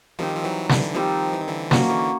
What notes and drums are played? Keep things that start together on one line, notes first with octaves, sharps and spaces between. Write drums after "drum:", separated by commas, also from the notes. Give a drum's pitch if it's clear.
D#3 F3 G3 C4 D#4
F3
E3 F#3
D3 E3, drum: snare
D#3 F3 G3 C4 D#4
E3
D#3
D3 E3
D#3 F3 A#3 C#4 F#4, drum: snare
D3 E3